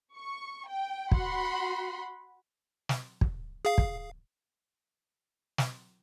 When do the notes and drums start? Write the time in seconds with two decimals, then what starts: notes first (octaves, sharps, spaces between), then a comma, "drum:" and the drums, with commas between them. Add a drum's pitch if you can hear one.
0.16 C#6
0.69 G5
1.11 F#4 F#5 B5 C6, drum: kick
2.89 drum: snare
3.21 drum: kick
3.65 G#4 F5
3.78 drum: kick
5.58 drum: snare